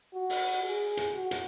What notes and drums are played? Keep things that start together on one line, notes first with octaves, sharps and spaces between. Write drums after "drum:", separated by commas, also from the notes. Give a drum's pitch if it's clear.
F#4
drum: open hi-hat
G#4
drum: hi-hat
F#4
drum: hi-hat